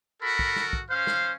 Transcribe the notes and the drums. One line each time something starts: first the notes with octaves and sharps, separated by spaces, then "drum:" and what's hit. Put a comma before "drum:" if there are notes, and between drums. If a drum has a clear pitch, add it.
F#4 A4 A#4 B5
drum: kick
drum: snare
drum: kick
C#4 C5 F5
drum: snare